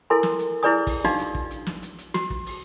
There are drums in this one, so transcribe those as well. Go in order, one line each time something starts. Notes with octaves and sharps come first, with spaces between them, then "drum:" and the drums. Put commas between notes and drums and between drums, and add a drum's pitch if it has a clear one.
E4 A4 A#4 G#5 C6
drum: snare
drum: hi-hat
E4 G#4 B4 D5 G#5 D#6
drum: kick, open hi-hat
D4 D#4 F#4 F5, drum: snare
drum: hi-hat
drum: kick
drum: hi-hat
drum: snare
drum: hi-hat
drum: hi-hat
F#4, drum: snare
drum: kick
drum: open hi-hat